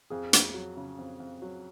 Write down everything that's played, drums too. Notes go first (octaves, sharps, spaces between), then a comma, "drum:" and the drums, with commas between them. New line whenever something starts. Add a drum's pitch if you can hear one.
F2 G#4
F2, drum: hi-hat
F#3
C#3
F2
F2
F#3